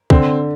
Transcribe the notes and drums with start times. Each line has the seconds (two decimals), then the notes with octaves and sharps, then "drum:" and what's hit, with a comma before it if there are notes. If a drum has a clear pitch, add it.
0.10 D3 C4, drum: kick